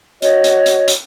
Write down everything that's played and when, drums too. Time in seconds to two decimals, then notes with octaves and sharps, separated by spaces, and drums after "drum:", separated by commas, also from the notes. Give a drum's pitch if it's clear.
0.22 F#4 C#5 D#5, drum: hi-hat
0.44 drum: hi-hat
0.66 drum: hi-hat
0.88 drum: hi-hat